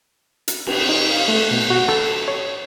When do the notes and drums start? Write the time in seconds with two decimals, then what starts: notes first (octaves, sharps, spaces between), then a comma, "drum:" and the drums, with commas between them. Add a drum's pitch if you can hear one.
0.48 drum: hi-hat
0.67 drum: cymbal
0.89 D#4
1.10 F5
1.28 A3
1.51 B2
1.70 F#4
1.88 A4, drum: rim click
2.28 C#5